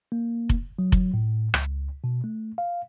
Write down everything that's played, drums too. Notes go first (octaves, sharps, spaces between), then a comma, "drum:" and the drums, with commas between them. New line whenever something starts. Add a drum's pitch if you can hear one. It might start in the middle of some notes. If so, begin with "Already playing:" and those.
A#3
drum: kick F1
F#3
drum: kick F1
A2
C#2, drum: rim click
B2
A3
F5